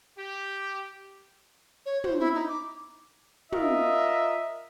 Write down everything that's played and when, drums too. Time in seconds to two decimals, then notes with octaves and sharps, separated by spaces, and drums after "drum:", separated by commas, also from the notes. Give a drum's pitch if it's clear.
0.17 G4
1.86 C#5
2.04 C5, drum: tom
2.19 E4
2.35 D#4
2.48 D6
3.52 F4 A#4 D#5 E5, drum: tom